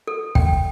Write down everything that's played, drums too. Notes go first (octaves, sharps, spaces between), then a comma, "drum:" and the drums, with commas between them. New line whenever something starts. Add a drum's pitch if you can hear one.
A4
G5, drum: kick